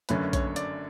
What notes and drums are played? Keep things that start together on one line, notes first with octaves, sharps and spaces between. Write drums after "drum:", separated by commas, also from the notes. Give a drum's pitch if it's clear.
F#1 F#2 D3 A3 C#4 B4, drum: hi-hat
C#5, drum: kick A#1, hi-hat
D5, drum: hi-hat